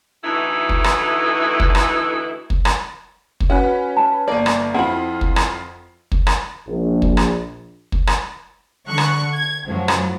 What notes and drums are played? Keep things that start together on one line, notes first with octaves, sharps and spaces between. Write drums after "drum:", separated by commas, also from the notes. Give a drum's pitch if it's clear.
D2 E3 A3 D#4 E4
drum: kick
drum: rim click
drum: kick
drum: rim click
drum: kick
drum: rim click
drum: kick
C#4 F#4 B4 F#5
A5 B5
G1 A#3 D5
drum: rim click
F2 E4 F4 F#5 B5
drum: kick
drum: rim click
drum: kick
drum: rim click
A#1
drum: kick
drum: rim click
drum: kick
drum: rim click
D3 C#6 F#6
drum: rim click
G#6
F#2 A2 F3 F#3
drum: rim click